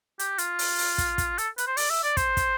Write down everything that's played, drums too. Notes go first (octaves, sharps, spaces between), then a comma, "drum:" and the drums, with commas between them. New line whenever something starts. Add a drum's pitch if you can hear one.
G4, drum: hi-hat
F4, drum: hi-hat
drum: open hi-hat
drum: open hi-hat
drum: kick, hi-hat
drum: kick, hi-hat
A4, drum: hi-hat
B4, drum: hi-hat
C5
D5, drum: open hi-hat
E5
D5
C5, drum: kick, hi-hat
drum: kick, hi-hat